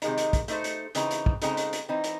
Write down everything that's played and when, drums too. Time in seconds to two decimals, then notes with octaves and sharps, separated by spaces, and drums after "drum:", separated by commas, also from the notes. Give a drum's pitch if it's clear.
0.02 C3 D#3 G#3 D#4, drum: hi-hat
0.18 drum: hi-hat
0.33 drum: kick, hi-hat
0.48 A3 D#4 A4 C5, drum: hi-hat
0.64 drum: hi-hat
0.95 C#3 E3 C4 D#4, drum: hi-hat
1.11 drum: hi-hat
1.26 drum: kick
1.42 C#3 G#3 C4 D#4 A4, drum: hi-hat
1.57 drum: hi-hat
1.73 drum: hi-hat
1.89 E3 C4 D#4
2.04 drum: hi-hat